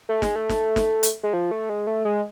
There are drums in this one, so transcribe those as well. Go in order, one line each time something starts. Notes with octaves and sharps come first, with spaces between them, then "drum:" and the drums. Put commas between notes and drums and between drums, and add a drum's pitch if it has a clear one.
A3
G#3, drum: snare
A3
drum: snare
drum: snare
drum: hi-hat
G#3
F3
A3
G#3
A3
G#3